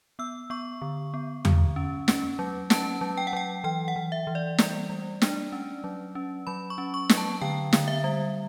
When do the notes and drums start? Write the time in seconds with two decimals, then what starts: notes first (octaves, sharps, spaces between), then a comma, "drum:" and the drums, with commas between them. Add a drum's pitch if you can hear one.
0.19 B3 E6
0.50 B3 C#6
0.82 D3
1.14 B3
1.45 D3, drum: tom E2
1.76 C#4
2.08 C#4, drum: snare
2.39 F#3
2.70 C#4 A5, drum: snare
3.01 F#3
3.17 G5
3.27 F#5
3.33 F#3 G5
3.64 E3 G5
3.88 F#5
3.96 E3
4.12 E5
4.27 E3
4.35 D5
4.58 G3 D5, drum: snare
4.89 G3
5.22 D4, drum: snare
5.52 C#4
5.84 F#3
6.15 C#4
6.47 F#3 B5
6.70 C#6
6.78 C#4
6.94 C#6
7.09 F#3, drum: snare
7.18 A5
7.42 D3 G5
7.73 D3, drum: snare
7.88 E5
8.04 G3